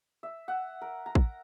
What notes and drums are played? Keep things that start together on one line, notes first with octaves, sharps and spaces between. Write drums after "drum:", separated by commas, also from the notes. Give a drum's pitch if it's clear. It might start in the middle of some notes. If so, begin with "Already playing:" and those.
E5
F#5
A#4
A#5
drum: kick